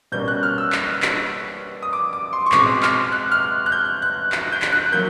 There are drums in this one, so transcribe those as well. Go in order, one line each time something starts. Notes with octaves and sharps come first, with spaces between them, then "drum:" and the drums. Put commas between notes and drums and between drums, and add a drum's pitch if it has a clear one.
B2 G3 A#3 C#4 G6
F#6
F6
E6
drum: clap
drum: clap
D#6
D6
D6
C6
C#6
B2 G#3 C4 D6, drum: clap
F6, drum: clap
F#6
F6
F#6
G6
F#6
F#6, drum: clap
G6
drum: clap
F#6
F#3 A#3 G6